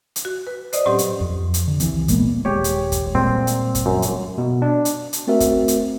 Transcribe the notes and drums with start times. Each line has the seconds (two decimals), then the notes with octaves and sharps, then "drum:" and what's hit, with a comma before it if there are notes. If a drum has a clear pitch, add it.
0.16 drum: hi-hat
0.25 F#4
0.47 B4
0.73 C5 D5 D#5 D#6, drum: hi-hat
0.86 A2 F#3 C4 C#4 G4 C6
0.99 drum: hi-hat
1.21 F2
1.54 drum: hi-hat
1.68 D3
1.80 C2 E3 C4, drum: hi-hat
2.08 A#2 G#3 A#3 B3, drum: kick, hi-hat
2.45 D#1 G#3 G4 C#5
2.64 drum: hi-hat
2.92 drum: kick, hi-hat
3.15 A#2 G3 G#3 C4
3.47 drum: hi-hat
3.75 drum: kick, hi-hat
3.86 F#2
4.02 drum: hi-hat
4.38 B2
4.62 D4
4.85 drum: hi-hat
5.13 drum: hi-hat
5.27 A3 C4 F#4 A#4 E5
5.40 drum: kick, hi-hat
5.68 drum: hi-hat